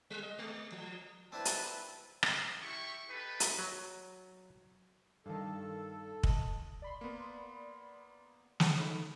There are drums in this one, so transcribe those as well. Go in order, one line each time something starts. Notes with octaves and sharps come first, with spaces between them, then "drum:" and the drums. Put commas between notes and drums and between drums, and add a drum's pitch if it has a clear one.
G3
D#5
G#3
F3
C4 D4 E4 B4 A5
drum: hi-hat
C5 D#5 F5, drum: rim click
E4 G4 C#6
D#4 G4 A4 B4
drum: hi-hat
F#3
G2 D#3 A4 F5 A5
D#5 A5, drum: kick
D5 B5 C6
A#3 B3
drum: snare
D#4 A4 B5